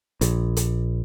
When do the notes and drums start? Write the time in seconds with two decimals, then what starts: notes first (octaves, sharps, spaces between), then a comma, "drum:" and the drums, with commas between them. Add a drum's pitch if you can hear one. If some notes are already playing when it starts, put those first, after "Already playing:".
0.21 A#1, drum: hi-hat
0.57 drum: hi-hat